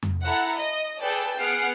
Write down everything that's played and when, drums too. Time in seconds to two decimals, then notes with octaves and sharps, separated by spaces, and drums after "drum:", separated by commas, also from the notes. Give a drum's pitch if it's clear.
0.03 drum: tom F2
0.25 E4 A4 F#5 A#5, drum: open hi-hat
0.59 D#5, drum: hi-hat
1.01 G#4 A4 B4 D5 G5 A5
1.38 B3 G#4 F#5 F6 C7 D7, drum: open hi-hat